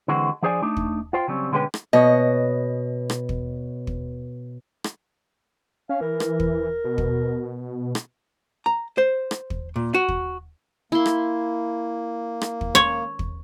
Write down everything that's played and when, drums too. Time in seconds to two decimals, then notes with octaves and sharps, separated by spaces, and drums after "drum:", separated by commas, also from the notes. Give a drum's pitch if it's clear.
0.08 D3 E3 G#3 C4 F#4
0.43 F3 D4 G#4 C5 D5 G#5
0.62 A3 D4 D#4
0.77 drum: kick
1.13 F4 C5 G5
1.28 C#3 F#3 G3 C4
1.52 B2 D3 G#3 C#4 B4 G5
1.74 drum: rim click
1.93 B2 C#5 D#5
3.10 drum: rim click
3.29 drum: kick
3.87 drum: kick
4.84 drum: rim click
5.89 C#4 F5
6.01 E3 A#4
6.20 drum: rim click
6.40 drum: kick
6.84 B2
6.98 drum: kick
7.95 drum: rim click
8.66 A#5
8.98 C5
9.31 drum: rim click
9.50 drum: kick
9.76 A#2
9.94 F#4
10.08 drum: kick
10.92 A#3 E4 C6
11.06 drum: rim click
12.41 drum: rim click
12.61 drum: kick
12.75 C#5
13.19 drum: kick